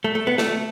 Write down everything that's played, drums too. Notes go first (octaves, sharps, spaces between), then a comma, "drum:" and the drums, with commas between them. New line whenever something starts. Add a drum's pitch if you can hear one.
A3
A3
B3
A3, drum: snare